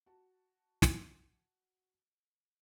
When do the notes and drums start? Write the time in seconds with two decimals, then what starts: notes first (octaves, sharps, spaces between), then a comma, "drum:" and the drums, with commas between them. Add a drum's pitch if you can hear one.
0.06 F#4 A5
0.82 drum: snare